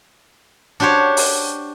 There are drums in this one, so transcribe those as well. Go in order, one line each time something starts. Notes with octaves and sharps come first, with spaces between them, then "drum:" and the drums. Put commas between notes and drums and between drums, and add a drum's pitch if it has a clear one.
D4 F#4 G4 C5 C#5
drum: open hi-hat